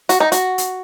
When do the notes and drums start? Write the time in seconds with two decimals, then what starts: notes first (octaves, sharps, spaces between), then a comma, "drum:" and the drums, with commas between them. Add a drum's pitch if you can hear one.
0.09 F#4, drum: hi-hat
0.20 D#4
0.32 F#4, drum: hi-hat
0.58 drum: hi-hat